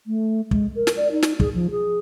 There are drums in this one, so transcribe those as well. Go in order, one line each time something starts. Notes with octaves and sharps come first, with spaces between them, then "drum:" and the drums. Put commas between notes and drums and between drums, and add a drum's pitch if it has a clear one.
A3
G#3, drum: kick
A#4
drum: snare
D5
D#4
drum: snare
G#4, drum: kick
F3
G#4